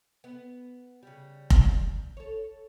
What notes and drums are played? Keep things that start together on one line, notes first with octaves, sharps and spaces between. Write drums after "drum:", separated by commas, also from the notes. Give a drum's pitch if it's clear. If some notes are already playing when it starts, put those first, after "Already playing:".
B3
C#3 G3
drum: kick F1
A4 C#5